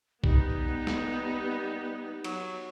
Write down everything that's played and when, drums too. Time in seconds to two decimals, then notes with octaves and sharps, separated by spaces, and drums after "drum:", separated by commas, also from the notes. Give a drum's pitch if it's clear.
0.24 G3 B3 D#4, drum: kick B1
0.87 drum: snare
2.24 F#3, drum: cymbal